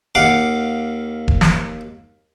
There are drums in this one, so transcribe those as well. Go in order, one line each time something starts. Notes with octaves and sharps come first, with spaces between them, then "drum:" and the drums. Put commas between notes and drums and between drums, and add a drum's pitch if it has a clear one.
D#2 F5 F#5 D6
drum: kick E1
drum: snare